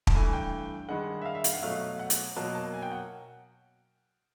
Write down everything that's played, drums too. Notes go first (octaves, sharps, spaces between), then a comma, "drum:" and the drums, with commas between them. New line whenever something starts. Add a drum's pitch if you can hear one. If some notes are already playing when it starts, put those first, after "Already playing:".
A5, drum: kick
G2 E3 A3 G#5
G5
G2 D#3 G#3 F#5
E5
F5
E5
F5, drum: hi-hat
F#5
B2 F#3 A3 F5
F5
F#5
drum: hi-hat
B2 F#3 A#3 A5
A5
G#5
G5
F#5